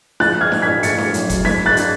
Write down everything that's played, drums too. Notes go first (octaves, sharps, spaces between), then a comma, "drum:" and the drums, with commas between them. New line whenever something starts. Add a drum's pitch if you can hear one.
F3 F#6 A6, drum: snare D4
F6 G#6
D4, drum: snare D4
G#6 B6
A3 A6 C#7, drum: hi-hat
drum: snare D4
F#2, drum: hi-hat
drum: kick F#1, hi-hat
F#3 G#6 B6, drum: snare D4
F#6 A6
D4, drum: hi-hat